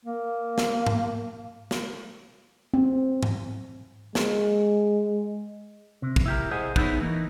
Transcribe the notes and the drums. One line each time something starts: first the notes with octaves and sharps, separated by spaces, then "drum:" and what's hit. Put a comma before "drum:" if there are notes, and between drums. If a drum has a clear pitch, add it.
A#3
drum: snare
drum: tom G#2
drum: snare
C4
drum: tom G#2
G#3, drum: snare
C3
drum: kick
E4 G4 A#4
G#4 C5 D#5 F#5 G#5
B3 D#4 E4 G#4 C#5, drum: kick
E3 A#3 D#4